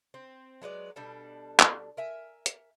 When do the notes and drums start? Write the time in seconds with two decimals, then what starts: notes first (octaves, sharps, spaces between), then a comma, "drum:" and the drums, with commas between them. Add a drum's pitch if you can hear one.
0.14 C4
0.62 F#3 G#3 B3 D5
0.96 B2 G3 D4 A4
1.59 drum: clap
1.97 A#4 E5 G#5
2.46 drum: hi-hat